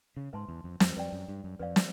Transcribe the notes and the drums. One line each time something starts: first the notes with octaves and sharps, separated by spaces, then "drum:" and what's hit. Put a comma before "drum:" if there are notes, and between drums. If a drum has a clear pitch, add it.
C#3
G#2 B4 E5 A5 C6
E2
F2
F2, drum: snare
F2 B4 D5 G5
F#2
G2
F#2
F2 B4 D5 F5
drum: snare